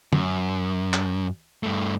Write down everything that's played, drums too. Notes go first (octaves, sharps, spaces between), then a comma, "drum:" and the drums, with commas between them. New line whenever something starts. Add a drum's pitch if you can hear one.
F#2, drum: tom
drum: clap
G2 A3